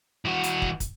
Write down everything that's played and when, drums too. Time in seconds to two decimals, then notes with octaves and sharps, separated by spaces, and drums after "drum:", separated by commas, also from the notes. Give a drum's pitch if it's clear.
0.25 E3 F#4
0.43 drum: hi-hat
0.62 drum: kick
0.80 drum: kick, hi-hat